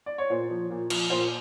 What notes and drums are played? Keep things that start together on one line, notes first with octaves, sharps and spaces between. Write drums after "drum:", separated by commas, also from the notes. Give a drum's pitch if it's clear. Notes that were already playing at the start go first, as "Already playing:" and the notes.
D5
C#5
A#2 C5
F3
A#2
F3, drum: cymbal
A#2 C5